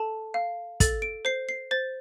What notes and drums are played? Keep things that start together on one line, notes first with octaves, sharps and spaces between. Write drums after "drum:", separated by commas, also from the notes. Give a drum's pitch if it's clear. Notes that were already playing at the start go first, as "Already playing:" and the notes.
Already playing: A4 A5
F5
A4 A6, drum: kick, hi-hat
D7
C5 C7
C7
C5 A6